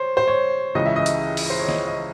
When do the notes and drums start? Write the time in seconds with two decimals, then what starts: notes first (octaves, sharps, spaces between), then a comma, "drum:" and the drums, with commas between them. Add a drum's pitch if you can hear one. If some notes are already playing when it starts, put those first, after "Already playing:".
Already playing: C5 C#5
0.17 C5
0.28 C#5
0.75 C#2 C#3 E3 D#5
0.86 E5
0.96 D#5
1.06 drum: hi-hat
1.37 drum: open hi-hat
1.50 C5
1.59 C#5
1.68 D#5, drum: snare
1.87 D#5